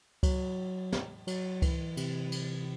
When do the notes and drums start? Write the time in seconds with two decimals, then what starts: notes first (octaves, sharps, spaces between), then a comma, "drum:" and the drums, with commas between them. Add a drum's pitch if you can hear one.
0.23 F#3, drum: kick C#2, cymbal
0.92 drum: snare
1.27 F#3, drum: cymbal
1.62 E3, drum: kick C#2, cymbal
1.97 C3, drum: cymbal
2.32 drum: cymbal